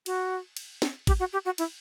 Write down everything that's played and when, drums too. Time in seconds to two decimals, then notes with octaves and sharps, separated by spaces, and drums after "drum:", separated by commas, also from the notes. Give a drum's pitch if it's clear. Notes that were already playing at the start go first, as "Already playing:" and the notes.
0.06 F#4, drum: cymbal
0.57 drum: cymbal
0.82 drum: snare
1.07 G4, drum: kick G#1, cymbal
1.19 F#4
1.33 G4
1.45 F#4
1.58 E4, drum: cymbal